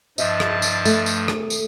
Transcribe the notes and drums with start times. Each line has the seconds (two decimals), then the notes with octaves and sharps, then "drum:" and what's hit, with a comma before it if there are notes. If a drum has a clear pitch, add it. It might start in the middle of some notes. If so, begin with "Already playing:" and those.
0.18 G2 F3 D4 E4 D#5 E5 A5, drum: tambourine
0.40 drum: rim click
0.62 drum: tambourine
0.85 A3, drum: tambourine
1.06 drum: tambourine
1.28 drum: rim click
1.50 drum: tambourine